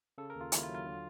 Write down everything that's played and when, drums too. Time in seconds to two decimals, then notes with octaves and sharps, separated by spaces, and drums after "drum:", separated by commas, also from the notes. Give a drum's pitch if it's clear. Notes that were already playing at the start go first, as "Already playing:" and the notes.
0.18 C#3 A4
0.30 A#4
0.35 D#2
0.41 F4
0.52 D#2 E4, drum: hi-hat
0.63 F4
0.69 F#3
0.75 F4
0.86 D3